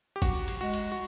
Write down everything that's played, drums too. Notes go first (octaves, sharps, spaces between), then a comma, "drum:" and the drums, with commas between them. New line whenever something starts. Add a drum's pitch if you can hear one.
G4
F#4, drum: kick, cymbal
drum: cymbal
G#3 F#4
drum: cymbal
F#4